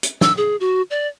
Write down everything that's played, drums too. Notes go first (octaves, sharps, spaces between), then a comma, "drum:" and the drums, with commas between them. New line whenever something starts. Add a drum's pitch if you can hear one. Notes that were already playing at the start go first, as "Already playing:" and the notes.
drum: hi-hat
E6, drum: snare
G#4
F#4
D5